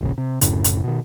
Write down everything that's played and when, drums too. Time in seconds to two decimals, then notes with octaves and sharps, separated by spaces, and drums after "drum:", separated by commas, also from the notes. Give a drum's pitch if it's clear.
0.01 E1 A#1 C#3
0.18 C3
0.41 D1 F#2 A2 C#3, drum: hi-hat
0.64 drum: hi-hat
0.84 B2 D#3